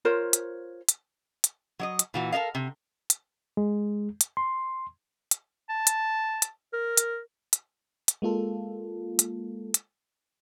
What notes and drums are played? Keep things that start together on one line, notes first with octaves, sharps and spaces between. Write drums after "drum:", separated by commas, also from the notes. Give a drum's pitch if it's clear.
F4 A#4 C5 C#5
drum: hi-hat
drum: hi-hat
drum: hi-hat
F#3 D5 D#5
drum: hi-hat
A#2 E3 F#4
A4 A#4 D#5 F5
C3
drum: hi-hat
G#3
drum: hi-hat
C6
drum: hi-hat
A5
drum: hi-hat
drum: hi-hat
A#4
drum: hi-hat
drum: hi-hat
drum: hi-hat
G#3 A#3 F4 A4
drum: hi-hat
drum: hi-hat